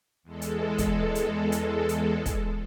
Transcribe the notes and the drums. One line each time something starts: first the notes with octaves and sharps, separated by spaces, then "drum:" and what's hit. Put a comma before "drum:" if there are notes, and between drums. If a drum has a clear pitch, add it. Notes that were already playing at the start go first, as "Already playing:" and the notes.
E2 G#3 A4
drum: hi-hat
drum: kick, hi-hat
drum: hi-hat
drum: hi-hat
drum: hi-hat
drum: kick, hi-hat